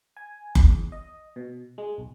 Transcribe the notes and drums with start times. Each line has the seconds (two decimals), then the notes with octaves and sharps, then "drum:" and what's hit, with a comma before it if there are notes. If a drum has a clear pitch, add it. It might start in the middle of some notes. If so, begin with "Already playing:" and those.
0.17 G#5
0.55 drum: kick F#1
0.69 E2
0.92 D#5
1.36 B2
1.78 G#3
1.98 B1